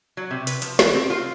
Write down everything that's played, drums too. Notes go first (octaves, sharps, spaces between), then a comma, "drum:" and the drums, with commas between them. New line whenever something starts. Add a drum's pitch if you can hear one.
F#3
C3
B4, drum: hi-hat
F3, drum: hi-hat
E3, drum: snare
C4
F4